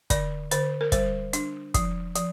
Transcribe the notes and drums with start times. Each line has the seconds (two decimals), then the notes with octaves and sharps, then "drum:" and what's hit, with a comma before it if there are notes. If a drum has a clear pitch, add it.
0.10 D3 D5, drum: kick, hi-hat
0.51 D3 C5, drum: hi-hat
0.81 A#4
0.92 G3 C5, drum: kick, hi-hat
1.33 D4, drum: hi-hat
1.74 F3, drum: kick, hi-hat
2.15 F3, drum: hi-hat